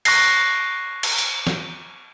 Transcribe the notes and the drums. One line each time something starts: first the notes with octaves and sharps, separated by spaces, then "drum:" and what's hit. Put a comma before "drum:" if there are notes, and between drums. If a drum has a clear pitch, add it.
C#6 F#6 A#6 C7, drum: cymbal
drum: cymbal
drum: hi-hat
drum: snare